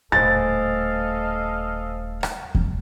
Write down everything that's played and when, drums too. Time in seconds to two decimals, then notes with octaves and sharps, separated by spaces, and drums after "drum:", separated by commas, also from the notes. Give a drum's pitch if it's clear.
0.12 D#1 A2 A4 C5 D#5 F5 G#5 A6
2.23 drum: rim click
2.55 drum: kick E2